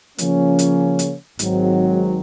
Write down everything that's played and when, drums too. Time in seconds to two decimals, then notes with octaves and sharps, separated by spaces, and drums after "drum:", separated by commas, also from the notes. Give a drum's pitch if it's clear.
0.18 C#3 F3 A#3 C#4, drum: hi-hat
0.59 drum: hi-hat
0.99 drum: hi-hat
1.39 G#1 G#2 F#3 C4, drum: hi-hat